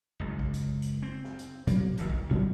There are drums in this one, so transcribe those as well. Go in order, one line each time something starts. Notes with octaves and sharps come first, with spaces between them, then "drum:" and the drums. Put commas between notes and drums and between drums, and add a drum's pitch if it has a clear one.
F#1 C#2
drum: kick
drum: hi-hat
drum: hi-hat
C4
drum: snare
drum: hi-hat
B2 F#3 A#3 B3, drum: hi-hat
D1 D2 D#3, drum: hi-hat
drum: kick
D2 A#2 F#3